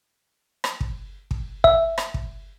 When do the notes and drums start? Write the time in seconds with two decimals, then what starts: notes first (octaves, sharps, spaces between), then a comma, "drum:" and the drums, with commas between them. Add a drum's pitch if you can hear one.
0.64 drum: rim click
0.81 drum: kick
1.31 drum: kick
1.64 E5, drum: kick
1.98 drum: rim click
2.14 drum: kick